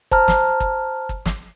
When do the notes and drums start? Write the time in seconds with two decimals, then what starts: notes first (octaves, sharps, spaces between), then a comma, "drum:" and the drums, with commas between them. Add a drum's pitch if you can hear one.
0.12 C5 A5 A#5 F6, drum: kick
0.28 drum: snare
0.60 drum: kick
1.09 drum: kick
1.26 drum: snare